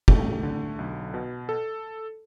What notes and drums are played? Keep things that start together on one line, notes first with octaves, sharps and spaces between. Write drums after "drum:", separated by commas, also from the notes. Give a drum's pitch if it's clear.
A3, drum: kick
D3
B1
B2
A4